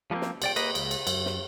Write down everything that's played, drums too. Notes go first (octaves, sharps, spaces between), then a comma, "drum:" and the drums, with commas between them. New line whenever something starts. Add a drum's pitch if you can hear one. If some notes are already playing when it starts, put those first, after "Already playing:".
F3 G3 A3 A#3 C4
drum: snare
C2 D5 G5, drum: cymbal
A#3 B4 D#5, drum: cymbal
C#2, drum: cymbal
drum: cymbal
F#2, drum: cymbal
drum: snare